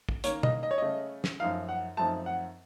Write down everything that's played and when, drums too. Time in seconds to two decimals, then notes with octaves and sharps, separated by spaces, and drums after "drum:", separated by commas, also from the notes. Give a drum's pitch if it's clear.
0.09 drum: kick
0.24 D#3 A#3 C#4 C#5, drum: hi-hat
0.43 D#5, drum: tom
0.63 D#5
0.71 C#5
0.78 C#3 A3 C#4 D#5
1.24 drum: snare
1.40 F#2 F3 A3 D#4 F5
1.69 F#5
1.97 F#2 F3 A3 C4 D#4 A5
2.26 F#5